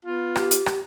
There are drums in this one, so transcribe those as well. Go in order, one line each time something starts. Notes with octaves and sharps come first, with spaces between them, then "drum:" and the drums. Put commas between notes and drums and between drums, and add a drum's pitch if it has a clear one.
B3 F4
G4, drum: rim click
drum: hi-hat
drum: rim click